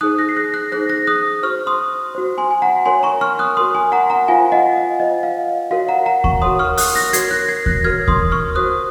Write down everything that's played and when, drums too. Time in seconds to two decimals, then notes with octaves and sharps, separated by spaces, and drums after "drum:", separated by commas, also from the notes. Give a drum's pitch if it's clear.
0.01 D#4 G#4 C5 D#6 F#6
0.18 F#6 A#6
0.29 C7
0.36 F#6 A#6
0.54 F#6 A#6
0.72 D#4 G#4 C5 F#6 A#6
0.89 F#6 A#6
1.07 D#6 F#6
1.43 F#4 C5 C#6 F6
1.67 C6 D#6
2.15 F#4 C5
2.38 G#5 C6
2.51 G#5
2.62 F#5 A#5
2.85 F#4 A#4 C#5 G#5 C6
3.03 A#5 C#6
3.21 C#6 F6
3.39 D#6 F#6
3.57 F#4 A#4 C#5 C6 D#6
3.75 G#5 C6
3.92 F#5 A#5
4.10 F#5 A#5
4.28 F4 C5 F5 G#5
4.52 D#5 F#5
4.76 F5
5.00 F4 C5 D#5
5.23 F5
5.71 F#4 A#4 C#5 F5
5.88 F#5 A#5
6.06 F#5 A#5
6.24 A#5 C#6, drum: kick D#2
6.42 F#4 A#4 C#5 C6 D#6
6.59 C#6 F6
6.77 D#6 F#6, drum: open hi-hat
6.95 F#6 A#6
7.13 F#4 A#4 C#5 G#6 C7, drum: hi-hat
7.31 F#6 A#6
7.49 G#6 C7
7.66 F#6 A#6, drum: kick D#2
7.84 F#4 A#4 C#5 F6 G#6
8.08 C6 D#6, drum: kick D#2
8.32 C#6 F6
8.55 F#4 C5 D#6 F#6